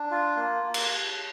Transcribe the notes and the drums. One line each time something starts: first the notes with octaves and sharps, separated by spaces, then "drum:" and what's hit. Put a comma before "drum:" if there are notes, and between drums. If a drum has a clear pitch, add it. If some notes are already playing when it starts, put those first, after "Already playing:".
Already playing: D4
F4
A#3
A#3
drum: cymbal